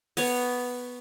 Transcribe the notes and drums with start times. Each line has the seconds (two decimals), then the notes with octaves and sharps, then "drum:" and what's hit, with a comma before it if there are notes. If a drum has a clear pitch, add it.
0.17 B3 C#5, drum: open hi-hat